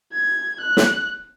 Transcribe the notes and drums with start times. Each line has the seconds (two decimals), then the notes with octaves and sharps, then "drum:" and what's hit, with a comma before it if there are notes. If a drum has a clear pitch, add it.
0.14 G#6
0.61 F#6
0.77 drum: snare